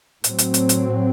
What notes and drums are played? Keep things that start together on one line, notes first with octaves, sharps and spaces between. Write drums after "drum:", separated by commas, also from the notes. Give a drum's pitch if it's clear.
A2 F#3 C4, drum: hi-hat
drum: hi-hat
drum: hi-hat
drum: hi-hat